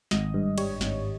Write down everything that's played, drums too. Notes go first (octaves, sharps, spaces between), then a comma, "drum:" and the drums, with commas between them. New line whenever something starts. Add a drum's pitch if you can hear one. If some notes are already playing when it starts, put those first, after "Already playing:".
G#1 D#5, drum: snare
G2
G3 C#5, drum: cymbal
G#1, drum: snare